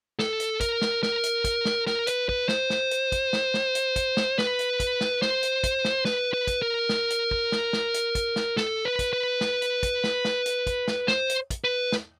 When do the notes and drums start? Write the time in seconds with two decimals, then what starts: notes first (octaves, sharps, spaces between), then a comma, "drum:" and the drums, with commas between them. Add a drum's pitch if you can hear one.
0.19 A4, drum: snare
0.40 drum: hi-hat
0.60 A#4, drum: kick, hi-hat
0.82 drum: snare
1.03 A#4, drum: snare
1.23 drum: hi-hat
1.44 drum: kick, hi-hat
1.65 drum: snare
1.87 A#4, drum: snare
2.07 B4, drum: hi-hat
2.29 B4, drum: kick
2.49 C5, drum: snare
2.70 drum: snare
2.91 drum: hi-hat
3.12 drum: kick, hi-hat
3.33 drum: snare
3.54 drum: snare
3.75 drum: hi-hat
3.96 drum: kick, hi-hat
4.17 drum: snare
4.38 B4, drum: snare
4.59 drum: hi-hat
4.80 drum: kick, hi-hat
5.01 drum: snare
5.22 C5, drum: snare
5.43 drum: hi-hat
5.64 drum: kick, hi-hat
5.85 drum: snare
6.05 B4, drum: snare
6.34 B4
6.47 drum: kick, hi-hat
6.62 A#4
6.89 drum: snare
7.10 drum: hi-hat
7.31 drum: kick
7.52 drum: snare
7.73 drum: snare
7.94 drum: hi-hat
8.15 drum: kick, hi-hat
8.36 drum: snare
8.57 A4, drum: snare
8.85 B4
8.99 drum: kick, hi-hat
9.13 B4
9.41 drum: snare
9.62 drum: hi-hat
9.83 drum: kick, hi-hat
10.04 drum: snare
10.25 drum: snare
10.46 drum: hi-hat
10.67 drum: kick, hi-hat
10.88 drum: snare
11.08 C5, drum: snare
11.29 drum: hi-hat
11.50 drum: kick, hi-hat
11.64 B4
11.92 drum: snare